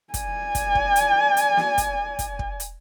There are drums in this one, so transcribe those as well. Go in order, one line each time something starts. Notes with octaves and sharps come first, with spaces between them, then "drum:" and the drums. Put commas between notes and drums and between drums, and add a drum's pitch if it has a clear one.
D5 G#5, drum: kick, hi-hat
drum: kick, hi-hat
drum: kick
drum: hi-hat
drum: hi-hat
drum: snare
drum: kick, hi-hat
drum: kick, hi-hat
drum: kick
drum: hi-hat